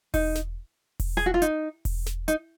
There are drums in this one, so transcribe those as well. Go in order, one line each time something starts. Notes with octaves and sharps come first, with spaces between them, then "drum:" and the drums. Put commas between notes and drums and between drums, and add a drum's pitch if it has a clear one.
D#4, drum: kick E1, open hi-hat
drum: snare
drum: kick E1, open hi-hat
G#4
F#4
F4
D#4, drum: hi-hat
drum: kick E1, open hi-hat
drum: snare
D#4, drum: hi-hat